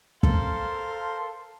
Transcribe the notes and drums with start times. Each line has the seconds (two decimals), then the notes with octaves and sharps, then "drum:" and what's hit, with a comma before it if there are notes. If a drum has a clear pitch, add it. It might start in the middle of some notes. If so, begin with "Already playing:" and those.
0.23 A4 A#4 C5 F5 C6, drum: kick